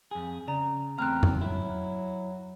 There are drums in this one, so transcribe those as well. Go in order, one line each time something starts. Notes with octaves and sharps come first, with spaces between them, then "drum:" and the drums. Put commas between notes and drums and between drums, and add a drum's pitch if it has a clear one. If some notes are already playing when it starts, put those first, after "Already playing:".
F2 G#4
C#3 D5 A#5
E2 A3 C4 A#5 F6 F#6
drum: tom F2
F#3 E4